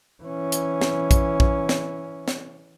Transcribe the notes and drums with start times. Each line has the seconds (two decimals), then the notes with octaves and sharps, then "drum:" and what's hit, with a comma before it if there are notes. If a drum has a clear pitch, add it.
0.23 E3 C#4
0.52 drum: hi-hat
0.81 drum: snare
1.11 drum: kick, hi-hat
1.40 drum: kick
1.69 drum: snare
2.28 drum: snare